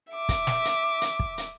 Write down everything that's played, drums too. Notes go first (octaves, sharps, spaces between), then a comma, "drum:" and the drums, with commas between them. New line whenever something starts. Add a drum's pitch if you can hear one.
E5 D6
drum: kick, hi-hat
drum: snare
drum: hi-hat
drum: hi-hat
drum: kick
drum: hi-hat